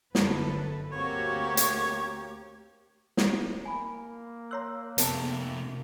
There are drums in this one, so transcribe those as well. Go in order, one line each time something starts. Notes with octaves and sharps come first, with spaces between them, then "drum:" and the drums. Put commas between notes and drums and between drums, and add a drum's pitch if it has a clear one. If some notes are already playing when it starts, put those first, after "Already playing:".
G1 F#2 A4 B4, drum: snare
D2 A#3 C4 F#4 G4 C#5
drum: hi-hat
drum: snare
A#3 G#5 B5
C#5 A#5 C6 E6 F#6
C3 A3 B3 A#4 F#5 A5 D7, drum: hi-hat